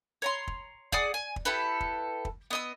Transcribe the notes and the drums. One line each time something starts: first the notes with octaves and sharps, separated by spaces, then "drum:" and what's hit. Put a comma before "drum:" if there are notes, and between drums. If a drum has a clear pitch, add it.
C#5 A#5 C6
drum: kick
G#4 D5 F#5 D#6, drum: kick
G#5
drum: kick
E4 G4 A4 B4
drum: kick
drum: kick
B3 D#5 E6